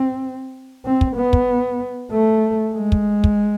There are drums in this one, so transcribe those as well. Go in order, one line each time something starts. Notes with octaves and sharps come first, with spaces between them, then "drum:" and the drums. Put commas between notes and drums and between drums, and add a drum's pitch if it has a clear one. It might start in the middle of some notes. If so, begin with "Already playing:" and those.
Already playing: C4
C4
drum: kick
B3
drum: kick
A3
G#3
drum: kick
drum: kick